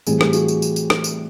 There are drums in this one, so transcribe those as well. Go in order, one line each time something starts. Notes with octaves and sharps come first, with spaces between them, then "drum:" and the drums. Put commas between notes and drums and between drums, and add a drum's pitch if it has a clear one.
A2 E3 G3 C4 G#4, drum: tambourine
G4, drum: rim click
F#4 G#4, drum: tambourine
drum: tambourine
drum: tambourine
drum: tambourine
drum: rim click
drum: tambourine